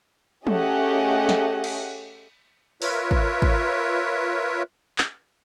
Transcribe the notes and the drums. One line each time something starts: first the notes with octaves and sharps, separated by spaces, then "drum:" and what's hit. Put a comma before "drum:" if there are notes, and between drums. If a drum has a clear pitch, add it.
A3 C#4 G4 G#4 D#5 F#5, drum: tom
drum: snare
drum: cymbal
F4 A#4 B4 C#5 E5, drum: open hi-hat
drum: kick G#1
drum: kick G#1
drum: clap